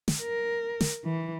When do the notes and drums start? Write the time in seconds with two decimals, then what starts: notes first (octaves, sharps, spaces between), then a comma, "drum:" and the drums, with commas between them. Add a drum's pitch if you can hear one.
0.08 drum: snare
0.21 A#4
0.81 drum: snare
1.05 E3